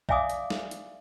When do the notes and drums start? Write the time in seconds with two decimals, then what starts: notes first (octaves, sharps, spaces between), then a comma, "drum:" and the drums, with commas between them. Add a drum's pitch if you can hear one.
0.09 D5 E5 F5 G#5 D6 D#6, drum: kick
0.30 drum: hi-hat
0.50 drum: snare
0.71 drum: hi-hat